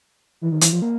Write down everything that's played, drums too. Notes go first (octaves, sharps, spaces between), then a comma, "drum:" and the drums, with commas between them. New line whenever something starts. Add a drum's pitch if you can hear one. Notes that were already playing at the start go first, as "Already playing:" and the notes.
E3
D#3
E3, drum: hi-hat
F3
A#3